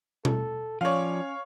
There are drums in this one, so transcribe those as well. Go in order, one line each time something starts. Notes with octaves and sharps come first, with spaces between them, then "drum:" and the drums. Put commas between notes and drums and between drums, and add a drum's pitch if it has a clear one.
A4, drum: tom B2
F3 C#4 C#5 D5 F5